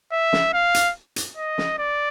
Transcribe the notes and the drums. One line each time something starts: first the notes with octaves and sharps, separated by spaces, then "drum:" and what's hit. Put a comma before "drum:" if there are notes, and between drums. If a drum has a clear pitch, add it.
E5
drum: snare
F5
drum: hi-hat
drum: hi-hat
D#5
drum: snare
D5